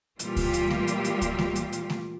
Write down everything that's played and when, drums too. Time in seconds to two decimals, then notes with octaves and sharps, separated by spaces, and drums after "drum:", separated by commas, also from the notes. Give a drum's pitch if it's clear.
0.19 A#2 E3 G3 A#3 F4 G4, drum: hi-hat
0.36 drum: kick C#2, open hi-hat
0.53 drum: hi-hat
0.70 drum: snare A3
0.87 drum: hi-hat
1.04 drum: hi-hat
1.22 drum: kick C#2, hi-hat
1.39 drum: snare A3
1.56 drum: hi-hat
1.73 drum: hi-hat
1.90 drum: snare A3